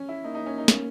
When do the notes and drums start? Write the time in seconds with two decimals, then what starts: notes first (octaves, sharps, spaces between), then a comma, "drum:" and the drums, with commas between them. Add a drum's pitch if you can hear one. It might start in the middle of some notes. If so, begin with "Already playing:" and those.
Already playing: C#4
0.09 E4
0.24 A#3 D#4
0.35 D#4
0.46 C#4
0.58 D#4
0.68 C#4, drum: snare